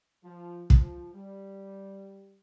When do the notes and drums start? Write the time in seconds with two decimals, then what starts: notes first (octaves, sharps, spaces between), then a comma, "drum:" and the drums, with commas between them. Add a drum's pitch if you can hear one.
0.24 F3
0.70 F3, drum: kick
1.14 G3